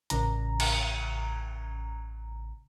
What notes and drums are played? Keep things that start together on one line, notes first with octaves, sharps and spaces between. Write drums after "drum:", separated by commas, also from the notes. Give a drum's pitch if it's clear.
A1 C#3 A#5, drum: hi-hat
drum: cymbal